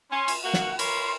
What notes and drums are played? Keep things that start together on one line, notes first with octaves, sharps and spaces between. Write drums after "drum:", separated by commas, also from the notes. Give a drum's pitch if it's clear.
C#4 C6
drum: cymbal
A#3 F#4 F#5
drum: snare
A#4 C#5 B5 C6, drum: cymbal